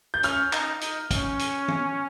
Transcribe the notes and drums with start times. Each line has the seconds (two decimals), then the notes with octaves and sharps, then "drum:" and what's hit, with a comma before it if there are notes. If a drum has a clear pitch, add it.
0.14 G6
0.23 C#4 F6, drum: hi-hat
0.53 D#4, drum: clap
0.81 D#4, drum: hi-hat
1.11 C#4, drum: kick, hi-hat
1.39 drum: hi-hat
1.68 drum: tom